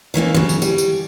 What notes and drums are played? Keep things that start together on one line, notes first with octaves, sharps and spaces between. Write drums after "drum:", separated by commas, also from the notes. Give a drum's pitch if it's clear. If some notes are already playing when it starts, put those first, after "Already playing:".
D#3 E3 A#3 C#4
C#3 F#3, drum: tom D#3
drum: tambourine
G3, drum: tambourine
drum: tambourine